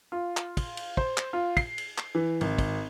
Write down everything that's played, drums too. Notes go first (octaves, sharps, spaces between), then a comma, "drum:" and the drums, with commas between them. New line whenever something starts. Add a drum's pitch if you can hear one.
F4
drum: clap
drum: kick, cymbal
drum: cymbal
C5, drum: kick
drum: clap
F4
C7, drum: kick, cymbal
drum: cymbal
drum: clap
E3
G#1, drum: cymbal
drum: kick, cymbal